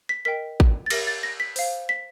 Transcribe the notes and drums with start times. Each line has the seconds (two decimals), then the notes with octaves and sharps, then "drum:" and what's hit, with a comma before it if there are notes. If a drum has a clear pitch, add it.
0.09 B6
0.25 A#4 D#5 G5 B6
0.60 drum: kick
0.86 A6
0.90 G4 A#4 C#5 E5 A#6, drum: cymbal
1.07 A6
1.23 A#6
1.40 B6
1.56 C5 F5, drum: open hi-hat
1.89 B6